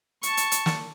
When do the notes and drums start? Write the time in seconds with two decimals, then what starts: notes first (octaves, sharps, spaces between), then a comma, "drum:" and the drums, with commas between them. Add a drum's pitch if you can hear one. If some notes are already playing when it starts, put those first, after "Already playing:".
0.23 A5 C#6, drum: hi-hat
0.37 drum: hi-hat
0.52 drum: hi-hat
0.66 drum: snare